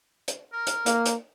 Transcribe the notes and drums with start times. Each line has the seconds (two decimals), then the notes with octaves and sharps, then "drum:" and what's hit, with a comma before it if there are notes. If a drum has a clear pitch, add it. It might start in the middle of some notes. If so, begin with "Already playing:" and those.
0.28 drum: hi-hat
0.53 A#4
0.67 drum: hi-hat
0.86 A#3, drum: hi-hat
1.06 drum: hi-hat